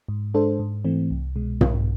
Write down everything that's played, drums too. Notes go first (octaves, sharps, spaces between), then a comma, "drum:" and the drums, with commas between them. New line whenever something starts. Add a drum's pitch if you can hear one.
G#2
G#3 D4 A4 C5
G#2
E3 A3 C4
C2
B2 G#3
B1, drum: tom